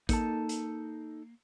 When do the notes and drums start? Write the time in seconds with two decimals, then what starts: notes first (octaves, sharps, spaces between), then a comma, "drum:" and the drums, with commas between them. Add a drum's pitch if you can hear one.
0.09 A#3 D#4 A4 A5, drum: kick, hi-hat
0.49 drum: hi-hat